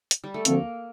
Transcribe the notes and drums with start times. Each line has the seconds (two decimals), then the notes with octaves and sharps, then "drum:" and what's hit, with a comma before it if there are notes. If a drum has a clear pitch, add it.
0.11 drum: hi-hat
0.24 G3
0.34 A3
0.45 D2 D3 F3 A#3 C4, drum: hi-hat